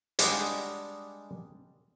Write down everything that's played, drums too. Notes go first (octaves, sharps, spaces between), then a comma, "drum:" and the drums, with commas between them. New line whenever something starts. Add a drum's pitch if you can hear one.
G3 G#3 D4 G#4 D#5 F#5, drum: hi-hat